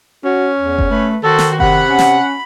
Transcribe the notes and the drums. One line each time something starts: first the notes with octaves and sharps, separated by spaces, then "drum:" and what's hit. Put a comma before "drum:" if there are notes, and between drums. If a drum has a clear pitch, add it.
C#4 F#4
E2
drum: kick F#1
A3 B4
D#3 F#4 A4 C5
drum: snare
C3 F#5 B5, drum: kick F#1
C#4
drum: snare